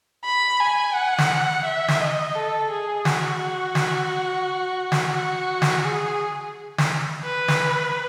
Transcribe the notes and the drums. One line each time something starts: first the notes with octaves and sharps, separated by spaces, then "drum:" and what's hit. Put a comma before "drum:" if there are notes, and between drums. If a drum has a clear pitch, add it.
B5
G#5
F#5
drum: snare
E5
drum: snare
D#5
A4
G#4
F#4, drum: snare
drum: snare
drum: snare
F#4
drum: snare
G#4
drum: snare
B4
drum: snare